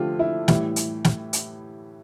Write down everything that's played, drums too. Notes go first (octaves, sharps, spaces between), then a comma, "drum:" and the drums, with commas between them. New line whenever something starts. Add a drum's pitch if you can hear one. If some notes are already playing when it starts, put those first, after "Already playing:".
Already playing: D3 F3 A3 F4 G4
E4
A2 E3 G3, drum: snare
drum: hi-hat
drum: snare
drum: hi-hat